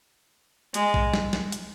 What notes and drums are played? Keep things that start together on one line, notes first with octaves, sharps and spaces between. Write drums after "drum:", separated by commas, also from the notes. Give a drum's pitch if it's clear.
G#3, drum: hi-hat
drum: kick
drum: snare
drum: snare
drum: hi-hat